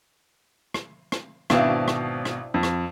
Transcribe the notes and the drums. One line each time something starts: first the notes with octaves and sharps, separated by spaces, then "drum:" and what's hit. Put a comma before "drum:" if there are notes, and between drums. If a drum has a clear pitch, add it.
drum: rim click
drum: rim click
G#1 B2 C4 D4 E4 F5, drum: rim click
drum: rim click
drum: rim click
F2
drum: rim click